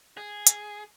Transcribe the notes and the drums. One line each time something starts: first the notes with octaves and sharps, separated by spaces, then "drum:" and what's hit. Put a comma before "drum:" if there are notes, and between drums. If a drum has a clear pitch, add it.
G#4
drum: hi-hat